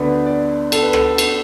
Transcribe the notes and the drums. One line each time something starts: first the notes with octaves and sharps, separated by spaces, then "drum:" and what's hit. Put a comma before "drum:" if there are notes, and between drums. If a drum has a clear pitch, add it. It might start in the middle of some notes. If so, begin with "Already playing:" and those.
Already playing: D2 D3 B3 D4 B4
D5
A4, drum: cymbal
B4
A4, drum: rim click
drum: cymbal